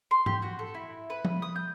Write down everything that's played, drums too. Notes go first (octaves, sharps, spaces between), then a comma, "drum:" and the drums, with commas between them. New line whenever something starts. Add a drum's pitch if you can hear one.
C6
G4, drum: tom G#2
F#4
A4
E4
B4
drum: tom F3
D#6
G6